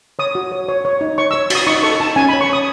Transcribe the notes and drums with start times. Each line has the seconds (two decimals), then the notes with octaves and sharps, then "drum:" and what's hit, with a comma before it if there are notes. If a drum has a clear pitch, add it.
0.19 C#5 D#6
0.35 F#4
0.52 C#5
0.69 C#5
0.85 C#5
1.01 D#4
1.18 C#5 C#6
1.31 E6
1.34 C#5
1.50 F#4 D#6, drum: cymbal
1.67 D#4 C#6
1.83 A4 C#6
2.00 D#4 A5
2.16 C#4 G#5
2.29 B5
2.33 C#5
2.41 C#6
2.50 C#5 D#6